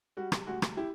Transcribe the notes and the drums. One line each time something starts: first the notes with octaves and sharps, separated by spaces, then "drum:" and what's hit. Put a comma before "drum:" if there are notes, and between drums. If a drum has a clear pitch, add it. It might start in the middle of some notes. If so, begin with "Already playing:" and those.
G3 F#4
drum: rim click
D2 F#4
drum: rim click
E4 G4